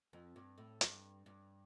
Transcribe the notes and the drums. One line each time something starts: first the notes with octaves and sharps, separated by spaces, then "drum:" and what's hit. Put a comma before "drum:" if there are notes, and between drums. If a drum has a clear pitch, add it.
F2
G2
A2
G2, drum: hi-hat
G2